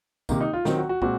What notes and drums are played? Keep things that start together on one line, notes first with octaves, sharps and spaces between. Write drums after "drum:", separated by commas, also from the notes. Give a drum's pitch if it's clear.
C3 D#3 A#3, drum: kick, tambourine
D#4
F4
D#3 F#3 C4 D#4, drum: snare
F#4
F#4
A#2 G#3 C4 F#4, drum: kick